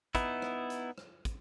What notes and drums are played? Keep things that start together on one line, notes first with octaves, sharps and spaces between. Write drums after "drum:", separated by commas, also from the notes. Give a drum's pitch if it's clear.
B3 D#4 E4, drum: kick, hi-hat
drum: rim click
drum: hi-hat
drum: rim click
drum: kick, hi-hat